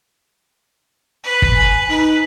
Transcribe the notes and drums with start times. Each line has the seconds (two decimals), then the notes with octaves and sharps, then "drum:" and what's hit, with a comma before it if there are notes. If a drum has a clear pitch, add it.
1.24 B4
1.42 drum: kick
1.56 G#5
1.89 D#4 B4